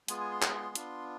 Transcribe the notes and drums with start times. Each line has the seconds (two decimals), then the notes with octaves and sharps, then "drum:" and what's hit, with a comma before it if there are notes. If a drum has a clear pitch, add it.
0.08 G#3 B3 F4 G#4 G#5, drum: hi-hat
0.20 G#5
0.31 C6
0.42 drum: clap
0.75 B3 D4 F4, drum: hi-hat